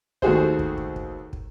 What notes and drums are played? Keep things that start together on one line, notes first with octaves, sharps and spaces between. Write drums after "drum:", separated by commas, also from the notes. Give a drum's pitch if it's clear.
D#2 A3 F#4 G#4 C5, drum: kick
drum: kick
drum: kick
drum: kick
drum: kick